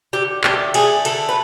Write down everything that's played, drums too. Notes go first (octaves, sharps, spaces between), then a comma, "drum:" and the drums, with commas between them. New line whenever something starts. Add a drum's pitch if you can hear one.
D3 G4
A3 G4, drum: clap
A3 G#4, drum: cymbal
D3 A4, drum: cymbal
B4